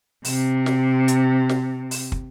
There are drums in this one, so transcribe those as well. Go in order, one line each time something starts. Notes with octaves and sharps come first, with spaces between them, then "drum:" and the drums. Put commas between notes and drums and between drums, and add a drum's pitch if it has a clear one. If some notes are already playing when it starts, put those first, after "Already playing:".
C3, drum: open hi-hat
drum: snare
drum: hi-hat
drum: snare
drum: open hi-hat
drum: kick